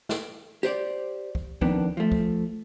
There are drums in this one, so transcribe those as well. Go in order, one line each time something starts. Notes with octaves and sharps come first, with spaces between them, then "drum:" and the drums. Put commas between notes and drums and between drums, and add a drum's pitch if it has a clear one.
drum: snare
G4 C5 D5, drum: tambourine
drum: kick
F2 D#3 B3 D4, drum: kick
F3 A3
drum: kick